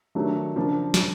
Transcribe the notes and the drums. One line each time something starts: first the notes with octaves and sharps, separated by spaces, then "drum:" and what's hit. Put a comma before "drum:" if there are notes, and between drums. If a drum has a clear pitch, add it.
D#3 F#3 A3 D4
C#3 F3 A#3 D4
drum: snare